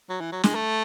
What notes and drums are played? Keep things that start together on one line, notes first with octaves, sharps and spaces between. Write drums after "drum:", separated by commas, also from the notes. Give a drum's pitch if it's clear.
F#3
E3
F#3
G#3, drum: snare
A3